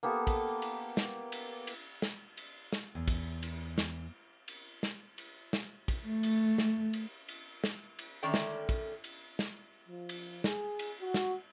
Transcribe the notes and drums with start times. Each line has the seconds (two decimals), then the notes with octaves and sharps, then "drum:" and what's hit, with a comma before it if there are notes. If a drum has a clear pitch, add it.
0.03 A#3 B3 G4 A4
0.27 drum: kick, cymbal
0.62 drum: cymbal
0.97 drum: snare
1.32 drum: cymbal
1.67 drum: cymbal
2.02 drum: snare
2.37 drum: cymbal
2.72 drum: snare
2.95 E2
3.08 drum: kick, cymbal
3.43 drum: cymbal
3.78 drum: snare
4.48 drum: cymbal
4.83 drum: snare
5.18 drum: cymbal
5.53 drum: snare
5.88 drum: kick, cymbal
6.07 A3
6.23 drum: cymbal
6.58 drum: snare
6.93 drum: cymbal
7.29 drum: cymbal
7.64 drum: snare
7.99 drum: cymbal
8.23 D3 D#3 A3 C#4 D5 G5
8.34 drum: snare
8.69 drum: kick, cymbal
9.04 drum: cymbal
9.39 drum: snare
9.87 F3
10.09 drum: cymbal
10.44 G#4, drum: snare
10.79 drum: cymbal
11.01 F#4
11.14 drum: snare